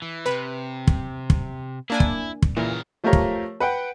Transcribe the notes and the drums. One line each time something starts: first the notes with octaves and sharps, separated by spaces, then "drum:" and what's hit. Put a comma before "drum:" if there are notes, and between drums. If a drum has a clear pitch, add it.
E3
C3 B4
drum: kick
drum: kick
A#3 D4 E4 G#5
drum: kick
drum: kick
A#2 C#3 E3 A#4
F3 A3 F4 G4 A#4 C#5
drum: kick
B4 F#5 G5